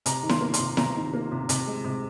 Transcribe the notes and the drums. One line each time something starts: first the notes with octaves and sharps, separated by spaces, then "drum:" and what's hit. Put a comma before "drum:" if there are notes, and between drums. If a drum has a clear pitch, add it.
C3 A#5, drum: hi-hat
D#3
C6, drum: snare E4
A#3
C6, drum: hi-hat
C3
C3 A#5, drum: snare E4
D#3
A#3
C3
C3, drum: hi-hat
G#3
C3